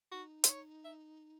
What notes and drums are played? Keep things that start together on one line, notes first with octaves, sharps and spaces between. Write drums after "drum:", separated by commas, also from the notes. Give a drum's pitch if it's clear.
D#4 F#4
C5, drum: hi-hat
C#5
E5